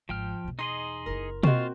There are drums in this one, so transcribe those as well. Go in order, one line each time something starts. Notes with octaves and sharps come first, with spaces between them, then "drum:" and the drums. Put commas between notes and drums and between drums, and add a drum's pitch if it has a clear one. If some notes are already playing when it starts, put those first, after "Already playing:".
G#1 F3 G5 F6
E2 B2
D#4 G#4 D#5 C6
F#1 E4 A#4
A#3 C4 F4 F#4 C5 D#5 C#6, drum: tom B2